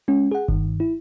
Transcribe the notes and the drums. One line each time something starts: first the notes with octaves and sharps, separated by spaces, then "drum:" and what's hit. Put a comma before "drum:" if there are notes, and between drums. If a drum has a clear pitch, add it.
G#3 C#4
G#4 F#5
G2 D#3, drum: kick F#1
E4